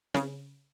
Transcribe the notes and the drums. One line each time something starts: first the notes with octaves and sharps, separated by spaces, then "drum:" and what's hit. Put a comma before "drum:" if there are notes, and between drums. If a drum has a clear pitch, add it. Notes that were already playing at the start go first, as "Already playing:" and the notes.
C#3, drum: snare C4